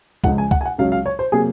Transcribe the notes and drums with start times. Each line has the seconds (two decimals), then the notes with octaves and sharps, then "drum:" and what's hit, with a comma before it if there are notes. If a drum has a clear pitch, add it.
0.24 C#2 C#3 F3 G#3 F#5, drum: kick C#2
0.38 G#5
0.51 F#5, drum: kick C#2
0.61 G#5
0.65 F#5
0.78 C#2 C#3 F#3 F5
0.92 F5
1.06 C#5
1.19 C5
1.32 C3 F#3 A#3 G#4